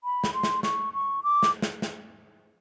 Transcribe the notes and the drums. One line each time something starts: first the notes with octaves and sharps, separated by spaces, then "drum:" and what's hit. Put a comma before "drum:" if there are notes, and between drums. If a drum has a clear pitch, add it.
B5
drum: snare
C6
drum: snare
C#6, drum: snare
C#6
D6
drum: snare
drum: snare
drum: snare